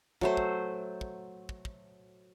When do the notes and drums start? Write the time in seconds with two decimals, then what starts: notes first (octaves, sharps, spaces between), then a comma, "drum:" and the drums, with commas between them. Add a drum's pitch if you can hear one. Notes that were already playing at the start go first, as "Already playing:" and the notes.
0.21 F#3 A3 C5, drum: kick
0.37 drum: kick
1.01 drum: kick
1.49 drum: kick
1.65 drum: kick